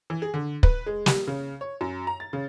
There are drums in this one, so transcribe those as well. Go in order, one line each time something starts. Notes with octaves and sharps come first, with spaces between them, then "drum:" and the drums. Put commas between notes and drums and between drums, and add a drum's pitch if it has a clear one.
E3
G#4
D3
B4, drum: kick
G#3
G3, drum: snare
C#3
C#5
F#2
A#5
A6
C#3